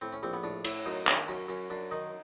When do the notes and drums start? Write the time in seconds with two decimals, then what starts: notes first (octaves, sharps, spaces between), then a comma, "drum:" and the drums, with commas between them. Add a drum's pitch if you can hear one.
0.01 A2 C4
0.13 C#4
0.23 A#1 C4
0.33 B3
0.43 A2 D4
0.65 A2 E4, drum: cymbal
0.86 F#2 D#4
1.07 D#3 D4, drum: clap
1.28 F#2 C#4
1.49 F#2 C#4
1.70 F#2 D4
1.91 D#3 D#4